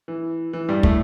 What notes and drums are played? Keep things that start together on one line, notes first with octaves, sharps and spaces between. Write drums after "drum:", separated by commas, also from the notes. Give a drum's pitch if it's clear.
E3
E3
G2 G3
A2 A3, drum: kick